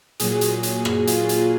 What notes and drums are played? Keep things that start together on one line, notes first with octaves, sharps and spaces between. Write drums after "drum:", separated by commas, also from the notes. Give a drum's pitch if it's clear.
A#2 F#3 G#4, drum: hi-hat
drum: hi-hat
drum: hi-hat
drum: rim click
F4, drum: hi-hat
drum: hi-hat